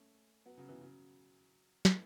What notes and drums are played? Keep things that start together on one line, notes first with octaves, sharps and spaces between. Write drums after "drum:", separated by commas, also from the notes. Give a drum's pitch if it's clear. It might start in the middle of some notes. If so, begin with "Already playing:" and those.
Already playing: A3 C#4
F#3 B3
C#3 F#3
B2 E3
C#3 F#3
E3 A3, drum: snare